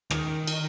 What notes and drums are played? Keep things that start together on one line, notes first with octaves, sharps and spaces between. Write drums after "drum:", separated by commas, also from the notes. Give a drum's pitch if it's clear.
D#3, drum: rim click
drum: cymbal